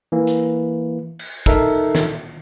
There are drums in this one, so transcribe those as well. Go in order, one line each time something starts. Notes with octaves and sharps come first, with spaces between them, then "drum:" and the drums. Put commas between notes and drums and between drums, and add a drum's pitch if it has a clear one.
E3 A#3
drum: hi-hat
drum: cymbal
D#4 A4 A#4 E5, drum: kick
drum: snare